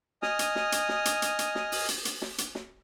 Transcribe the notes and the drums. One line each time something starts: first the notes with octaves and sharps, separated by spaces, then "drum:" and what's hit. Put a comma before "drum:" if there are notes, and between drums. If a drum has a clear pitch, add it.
D#5 G#5 D#6 F6, drum: snare
drum: hi-hat
drum: snare
drum: hi-hat
drum: snare
drum: hi-hat
drum: hi-hat
drum: hi-hat
drum: snare
drum: open hi-hat
drum: hi-hat
drum: hi-hat
drum: snare
drum: hi-hat
drum: snare